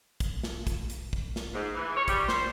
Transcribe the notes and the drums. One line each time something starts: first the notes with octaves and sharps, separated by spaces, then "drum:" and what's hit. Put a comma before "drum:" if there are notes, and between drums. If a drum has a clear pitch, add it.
drum: kick, hi-hat
drum: snare
drum: kick, hi-hat
drum: hi-hat
drum: kick
drum: snare
G#2
E3
C#5
G3, drum: kick, hi-hat
C5, drum: snare